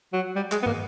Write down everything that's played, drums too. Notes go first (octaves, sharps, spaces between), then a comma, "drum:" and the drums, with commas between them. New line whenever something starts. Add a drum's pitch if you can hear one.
F#3
G3
G#3, drum: clap
B3
A#3, drum: tom